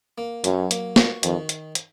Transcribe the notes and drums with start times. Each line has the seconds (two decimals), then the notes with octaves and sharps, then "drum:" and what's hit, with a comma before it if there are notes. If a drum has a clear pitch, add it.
0.18 A#3
0.44 F#2 F#3, drum: hi-hat
0.71 A#3, drum: hi-hat
0.96 F#4, drum: snare
1.23 F2 D#3, drum: hi-hat
1.49 drum: hi-hat
1.75 drum: hi-hat